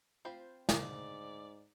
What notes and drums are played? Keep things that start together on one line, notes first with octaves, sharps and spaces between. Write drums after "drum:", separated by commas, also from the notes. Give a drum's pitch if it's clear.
C4 F4 C5 B5
D2 G#2 D5 F5, drum: snare